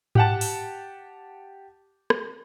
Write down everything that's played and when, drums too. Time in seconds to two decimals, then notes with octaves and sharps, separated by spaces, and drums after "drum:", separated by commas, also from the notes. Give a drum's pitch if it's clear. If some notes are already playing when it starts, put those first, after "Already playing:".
0.15 G4 F#5 A5, drum: tom G#2
0.41 drum: open hi-hat
2.10 drum: rim click